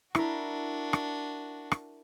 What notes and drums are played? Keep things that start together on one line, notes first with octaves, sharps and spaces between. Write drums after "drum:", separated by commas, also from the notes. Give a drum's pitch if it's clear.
D4 E4 F#4 A#4, drum: rim click
drum: rim click
drum: rim click